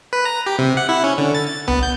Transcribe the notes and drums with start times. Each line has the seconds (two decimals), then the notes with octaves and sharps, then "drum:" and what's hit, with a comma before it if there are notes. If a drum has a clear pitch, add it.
0.13 B4
0.25 A#5
0.47 G4
0.59 C3
0.77 F#5
0.89 E4
1.04 C#4
1.18 D3
1.35 A6
1.47 A6
1.68 B3, drum: tom C2
1.83 G6